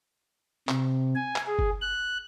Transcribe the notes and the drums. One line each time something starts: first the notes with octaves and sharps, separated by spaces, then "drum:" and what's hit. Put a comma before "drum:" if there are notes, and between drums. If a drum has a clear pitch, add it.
C3, drum: clap
G#5
drum: clap
G#4
drum: kick F#1
F#6